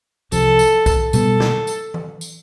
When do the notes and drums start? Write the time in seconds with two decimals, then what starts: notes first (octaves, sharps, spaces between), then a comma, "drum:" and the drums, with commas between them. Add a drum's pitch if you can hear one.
0.32 C2 C3 F3 A4, drum: tambourine
0.59 drum: tambourine
0.86 drum: kick B1, tambourine
1.13 B2 G3 B3 A4, drum: tambourine
1.40 drum: snare
1.67 drum: tambourine
1.94 drum: tom E3
2.21 drum: tambourine